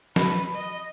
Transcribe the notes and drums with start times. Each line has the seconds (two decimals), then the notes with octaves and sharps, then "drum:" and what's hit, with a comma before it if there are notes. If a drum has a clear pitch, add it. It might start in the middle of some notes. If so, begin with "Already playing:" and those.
0.16 B4, drum: snare
0.54 D#5